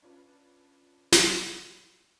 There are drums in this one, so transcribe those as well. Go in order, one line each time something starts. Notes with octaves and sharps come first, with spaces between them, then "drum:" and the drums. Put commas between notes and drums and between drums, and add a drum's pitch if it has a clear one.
C#4 D4 F4 B4
drum: snare